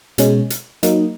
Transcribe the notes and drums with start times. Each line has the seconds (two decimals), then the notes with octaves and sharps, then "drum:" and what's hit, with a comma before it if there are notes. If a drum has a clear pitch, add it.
0.18 B2 G#3 C#4, drum: hi-hat
0.50 drum: hi-hat
0.83 F#3 A#3 D#4, drum: hi-hat